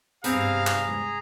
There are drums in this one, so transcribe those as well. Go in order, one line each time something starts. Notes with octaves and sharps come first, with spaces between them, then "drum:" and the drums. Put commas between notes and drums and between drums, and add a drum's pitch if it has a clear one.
G2 C3 B3 C4 G#4 F5 A#5, drum: hi-hat
drum: clap
drum: tom